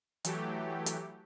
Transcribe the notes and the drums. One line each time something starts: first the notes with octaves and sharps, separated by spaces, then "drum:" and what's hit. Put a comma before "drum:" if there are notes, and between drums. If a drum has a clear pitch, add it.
E3 F#3 A3 G4, drum: hi-hat
drum: hi-hat